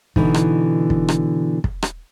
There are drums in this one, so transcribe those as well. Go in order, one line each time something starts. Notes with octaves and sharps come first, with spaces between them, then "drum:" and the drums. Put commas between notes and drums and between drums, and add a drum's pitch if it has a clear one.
B2 D3 E3 D#4, drum: kick
drum: rim click
drum: kick
drum: rim click
drum: kick
drum: rim click